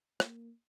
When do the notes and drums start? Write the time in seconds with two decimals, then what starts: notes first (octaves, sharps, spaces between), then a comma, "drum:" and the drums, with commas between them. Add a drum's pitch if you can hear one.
0.20 A#3, drum: rim click